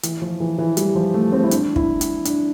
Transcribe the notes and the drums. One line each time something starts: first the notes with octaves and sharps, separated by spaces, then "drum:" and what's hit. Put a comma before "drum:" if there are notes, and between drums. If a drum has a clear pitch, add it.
E3, drum: hi-hat
F3
E3
E3
G3, drum: hi-hat
F3
A3
C4
E4
D4, drum: hi-hat
E4, drum: kick
drum: hi-hat
D4, drum: hi-hat